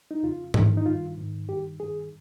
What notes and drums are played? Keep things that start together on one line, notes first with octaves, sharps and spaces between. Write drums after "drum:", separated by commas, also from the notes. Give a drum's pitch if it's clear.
D#4
F2 C#3 F4
G#2 D#3, drum: tom G#2
D#4
G2 D#3 F4
G#2 D#3
G2 D#3 G4
G2 D#3 G#4